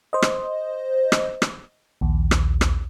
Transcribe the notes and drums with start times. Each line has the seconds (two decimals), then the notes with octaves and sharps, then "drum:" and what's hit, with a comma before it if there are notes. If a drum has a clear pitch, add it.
0.13 C5 D#5
0.22 drum: rim click
1.12 drum: rim click
1.42 drum: rim click
2.01 A#1 D#2
2.31 drum: rim click
2.61 drum: rim click